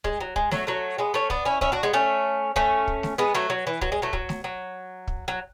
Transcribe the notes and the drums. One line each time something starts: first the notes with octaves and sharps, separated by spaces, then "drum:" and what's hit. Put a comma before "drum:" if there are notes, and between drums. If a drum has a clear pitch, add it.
G#3, drum: kick
F#3
G#3, drum: kick
F#3 A3, drum: snare A3
F#3 A3
G#3 B3
A3 C#4
B3 D4, drum: kick
C#4 E4
C#4 E4, drum: kick
D4 F#4
G#3 B3
A3 C#4
A3 C#4, drum: kick
drum: kick
drum: snare A3
G#3 B3
F#3 A3
F#3
E3
F#3, drum: kick
G#3
F#3 A3
F#3, drum: kick
drum: snare A3
F#3
drum: kick
F#3